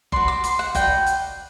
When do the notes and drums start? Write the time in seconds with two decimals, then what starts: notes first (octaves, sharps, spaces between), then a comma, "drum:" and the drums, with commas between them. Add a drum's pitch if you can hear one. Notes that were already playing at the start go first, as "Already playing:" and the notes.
0.12 F#4 B4 D5 C6, drum: kick F#1
0.28 D6
0.44 C6, drum: hi-hat
0.59 F#5
0.75 F#4 B4 D5 G5, drum: kick F#1, hi-hat
1.06 drum: hi-hat